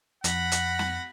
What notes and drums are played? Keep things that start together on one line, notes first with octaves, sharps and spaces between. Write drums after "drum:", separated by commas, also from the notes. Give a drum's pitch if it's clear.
F2 F#5 B5 A#6, drum: hi-hat
drum: hi-hat
drum: snare